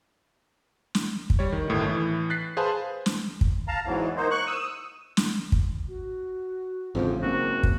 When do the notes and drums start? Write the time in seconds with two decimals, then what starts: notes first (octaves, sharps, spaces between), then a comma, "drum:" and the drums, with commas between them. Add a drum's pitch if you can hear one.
0.95 drum: snare
1.30 drum: kick
1.39 G3 C#5
1.52 D#3
1.68 G1 A2 D#3
1.86 A2 E3
2.30 F#6 A6 B6 C7
2.57 G#4 B4 C5 F5 G#5 A5
3.06 drum: snare
3.41 drum: kick
3.68 F5 A5 A#5
3.86 E2 G#2 E3 F#3
4.17 A#3 D#4 C5
4.31 C#6 F#6
4.47 D#6 E6
5.17 drum: snare
5.52 drum: kick
5.88 F#4
6.95 A1 F2 G#2 C#3 C5
7.23 F#1 A#3 C4 F#4
7.63 drum: kick